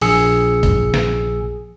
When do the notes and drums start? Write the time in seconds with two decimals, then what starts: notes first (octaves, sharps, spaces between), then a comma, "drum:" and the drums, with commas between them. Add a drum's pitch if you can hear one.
0.01 A#1 G#4 E6 C#7, drum: open hi-hat
0.63 drum: kick, hi-hat
0.94 drum: snare